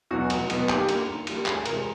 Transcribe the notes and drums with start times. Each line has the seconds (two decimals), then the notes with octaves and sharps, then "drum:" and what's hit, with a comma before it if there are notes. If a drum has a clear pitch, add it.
0.11 E2 B2 F#3 B3 F#4
0.30 F1, drum: cymbal
0.50 E2 B2 F#3 B3, drum: cymbal
0.69 D#2 G4, drum: clap
0.89 D3 G3 A#3, drum: cymbal
1.08 D#2
1.27 D3 G3 A#3, drum: cymbal
1.46 D2 G#4, drum: clap
1.66 C3 E3 G#3 A#4, drum: cymbal